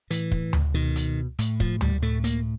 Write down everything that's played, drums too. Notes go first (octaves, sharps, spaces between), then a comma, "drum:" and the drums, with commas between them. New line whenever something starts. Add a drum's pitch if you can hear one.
A2 E3, drum: hi-hat
drum: kick
drum: tom D2
B2 D#3
drum: hi-hat
A2, drum: hi-hat
F3, drum: kick
G3, drum: tom D2
A2 A3
A#3, drum: hi-hat